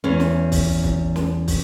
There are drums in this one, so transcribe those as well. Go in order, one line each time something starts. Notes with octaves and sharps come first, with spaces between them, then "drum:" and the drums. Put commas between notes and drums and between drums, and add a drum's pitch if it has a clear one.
E2 C#4
drum: snare
drum: kick, open hi-hat
drum: kick
drum: snare
drum: kick, open hi-hat